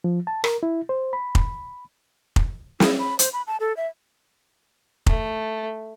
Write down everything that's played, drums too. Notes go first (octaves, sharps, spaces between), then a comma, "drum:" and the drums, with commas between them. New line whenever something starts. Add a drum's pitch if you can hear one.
F3
A5
A#4, drum: rim click
E4
C5
B5
drum: kick F1
drum: kick F1
E4, drum: snare
B5
C5, drum: hi-hat
B5
A5
A4
E5
A3, drum: kick F1